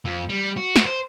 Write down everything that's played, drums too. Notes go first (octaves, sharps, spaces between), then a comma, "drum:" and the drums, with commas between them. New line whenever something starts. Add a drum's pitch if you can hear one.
F2
G3
F#4
drum: snare
C5